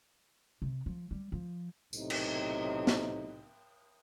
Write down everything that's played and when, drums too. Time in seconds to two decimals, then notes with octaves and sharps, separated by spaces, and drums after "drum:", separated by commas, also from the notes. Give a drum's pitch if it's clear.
0.62 C3
0.86 F3
1.11 G3
1.32 F3
1.93 B1 A2 C3 D#4, drum: tambourine
2.10 drum: cymbal
2.87 drum: snare